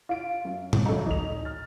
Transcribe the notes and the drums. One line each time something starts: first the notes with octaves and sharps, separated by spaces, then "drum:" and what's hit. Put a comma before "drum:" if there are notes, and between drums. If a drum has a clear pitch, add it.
F4 D7
F#2
drum: tom
G#1 F#2 F#3 D#4 A4
A1 D2 D#4 F7
F6 A6